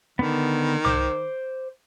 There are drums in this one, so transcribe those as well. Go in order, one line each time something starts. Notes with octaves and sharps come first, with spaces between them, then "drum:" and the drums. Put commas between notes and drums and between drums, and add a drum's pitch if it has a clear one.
D3 D#3 B3
C5 D6, drum: tom C2